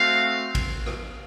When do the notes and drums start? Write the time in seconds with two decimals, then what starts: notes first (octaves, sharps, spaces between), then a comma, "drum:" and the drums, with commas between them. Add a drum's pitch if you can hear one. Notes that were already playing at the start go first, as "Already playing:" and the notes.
Already playing: A3 C4 F#4 F5
0.55 drum: kick A1, cymbal
0.86 drum: rim click